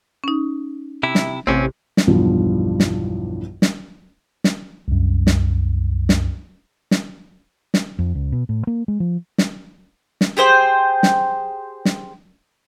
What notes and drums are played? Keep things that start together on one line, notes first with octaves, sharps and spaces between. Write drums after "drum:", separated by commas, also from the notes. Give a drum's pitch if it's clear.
C#4 D#4
C3 E4
drum: snare
A1 C3 C4 C#4
drum: snare
B1 E2 G2 F3 G3
drum: snare
drum: snare
drum: snare
C2 F#2
drum: snare
drum: snare
drum: snare
drum: snare
F2
C#2
B2
A2
A#3
G#3
F3
drum: snare
drum: snare
G4 G#4 C5 G5
drum: snare
drum: snare